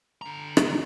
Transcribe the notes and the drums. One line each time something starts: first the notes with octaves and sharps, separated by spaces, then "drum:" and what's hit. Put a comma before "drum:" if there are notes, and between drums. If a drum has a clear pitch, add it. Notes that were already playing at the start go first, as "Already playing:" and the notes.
D3 A#5
drum: rim click